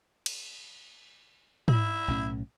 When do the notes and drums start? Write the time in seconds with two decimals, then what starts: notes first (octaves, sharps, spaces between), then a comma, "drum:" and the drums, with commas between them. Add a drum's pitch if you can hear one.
0.26 drum: cymbal
1.68 E4, drum: tom
2.08 B1 A2 C#4